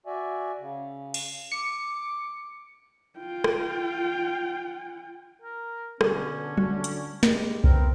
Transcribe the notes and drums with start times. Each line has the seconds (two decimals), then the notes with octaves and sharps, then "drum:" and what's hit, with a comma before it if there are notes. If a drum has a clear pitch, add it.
0.06 F#4 D5 E5 G#5
0.59 C#3
1.14 drum: cymbal
1.52 D6 C#7
3.19 F4 G5
3.44 drum: rim click
5.42 A#4
6.01 B2 D3 G3 C#4 G#4, drum: rim click
6.57 D2 D3 F#4, drum: tom F#3
6.84 drum: hi-hat
7.23 A2 G3 G#3, drum: snare
7.64 B3 C4 A#4, drum: kick C2